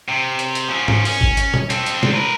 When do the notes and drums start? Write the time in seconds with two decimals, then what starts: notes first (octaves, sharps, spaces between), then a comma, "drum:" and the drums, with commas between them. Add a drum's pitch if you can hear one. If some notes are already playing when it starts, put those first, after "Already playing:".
0.08 C3
0.39 drum: hi-hat
0.55 drum: hi-hat
0.68 F3 C#4
0.88 drum: tom G#2
1.05 C#4, drum: open hi-hat
1.21 drum: kick G#1
1.37 drum: hi-hat
1.54 drum: tom B2
1.70 C4 A4, drum: hi-hat
1.86 drum: hi-hat
2.03 drum: snare
2.13 A#4 B4